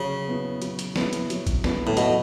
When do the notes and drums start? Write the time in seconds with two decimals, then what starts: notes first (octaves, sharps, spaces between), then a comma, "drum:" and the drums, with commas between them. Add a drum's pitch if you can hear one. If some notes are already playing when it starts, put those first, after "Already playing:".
Already playing: C#3 F#3
0.28 B3 E4
0.62 F#3, drum: hi-hat
0.79 drum: hi-hat
0.96 B3 E4, drum: snare
1.13 drum: hi-hat
1.30 F#3, drum: hi-hat
1.47 drum: kick, hi-hat
1.64 B3 E4, drum: snare
1.87 A2
1.97 B2 F#3, drum: hi-hat